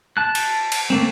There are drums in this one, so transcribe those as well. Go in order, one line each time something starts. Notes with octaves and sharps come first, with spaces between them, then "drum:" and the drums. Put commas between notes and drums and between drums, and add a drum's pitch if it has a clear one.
A5 F#6
drum: cymbal
drum: cymbal
A3 A#3 C4